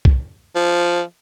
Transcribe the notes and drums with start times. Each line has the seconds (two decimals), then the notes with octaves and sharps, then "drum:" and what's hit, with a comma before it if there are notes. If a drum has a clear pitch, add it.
0.05 drum: kick B1
0.55 F3